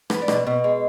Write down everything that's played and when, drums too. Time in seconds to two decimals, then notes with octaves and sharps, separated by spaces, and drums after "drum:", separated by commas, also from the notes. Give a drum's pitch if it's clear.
0.10 B3 B4, drum: rim click
0.22 D5
0.28 B2, drum: rim click
0.47 B2
0.64 G#3